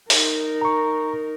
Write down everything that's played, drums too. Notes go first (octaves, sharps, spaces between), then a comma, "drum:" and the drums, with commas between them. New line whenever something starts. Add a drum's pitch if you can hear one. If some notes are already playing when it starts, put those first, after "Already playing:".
D#4 A#4, drum: open hi-hat
A#5 C#6